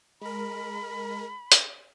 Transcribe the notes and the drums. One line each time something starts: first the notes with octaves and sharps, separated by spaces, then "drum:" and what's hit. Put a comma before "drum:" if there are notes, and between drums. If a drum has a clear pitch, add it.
G#3 A#4 B5
drum: hi-hat